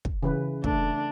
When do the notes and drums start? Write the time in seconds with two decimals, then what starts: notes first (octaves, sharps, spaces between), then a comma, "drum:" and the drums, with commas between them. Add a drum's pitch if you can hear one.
0.05 drum: kick
0.23 C#3 E3 B4
0.64 A3 D4, drum: kick